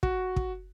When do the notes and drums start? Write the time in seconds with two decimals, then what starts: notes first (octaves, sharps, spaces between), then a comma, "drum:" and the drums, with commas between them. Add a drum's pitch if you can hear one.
0.03 F#4, drum: kick
0.36 drum: kick